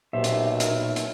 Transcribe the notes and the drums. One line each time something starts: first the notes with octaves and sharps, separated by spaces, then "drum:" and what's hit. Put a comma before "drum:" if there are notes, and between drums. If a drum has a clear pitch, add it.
B1 A#2 G4 C5 E5
drum: hi-hat
A#4 E5, drum: hi-hat
drum: hi-hat